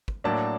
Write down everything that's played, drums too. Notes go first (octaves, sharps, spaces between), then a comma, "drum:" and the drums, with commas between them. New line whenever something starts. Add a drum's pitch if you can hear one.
drum: kick
A2 F#3 A#3 D4 A5